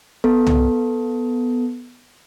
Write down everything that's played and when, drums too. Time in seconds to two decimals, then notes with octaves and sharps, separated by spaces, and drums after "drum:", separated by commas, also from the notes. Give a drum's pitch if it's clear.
0.24 B3 A4
0.47 drum: tom C2